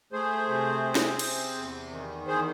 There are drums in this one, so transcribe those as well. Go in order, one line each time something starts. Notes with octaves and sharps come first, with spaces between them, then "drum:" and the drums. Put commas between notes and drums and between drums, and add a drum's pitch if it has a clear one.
A3 G#4 C5
C3
C4
drum: snare
C3, drum: cymbal
E2
D#3
E2 G#4 C5